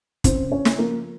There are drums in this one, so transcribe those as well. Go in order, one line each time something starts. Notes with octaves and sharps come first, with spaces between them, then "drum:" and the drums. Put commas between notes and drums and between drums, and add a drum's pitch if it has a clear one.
C#3 C4 C5, drum: kick, hi-hat
C#3 C#4 C#5
drum: snare
F3 A#3 A#4